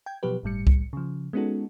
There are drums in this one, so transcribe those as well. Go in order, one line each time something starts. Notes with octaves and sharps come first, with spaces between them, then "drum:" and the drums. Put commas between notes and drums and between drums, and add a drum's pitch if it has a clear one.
G5 G#6
B2 F3 F#3 G4 B4
G1 A2 G3 C#7
drum: kick C2
C#3 F3
G#3 B3 C#4 D#4 F#4 A4